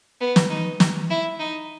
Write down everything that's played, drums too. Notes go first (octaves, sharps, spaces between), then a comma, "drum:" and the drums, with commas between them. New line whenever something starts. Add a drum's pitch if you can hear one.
B3
drum: snare
D#4
drum: snare
E4
D#4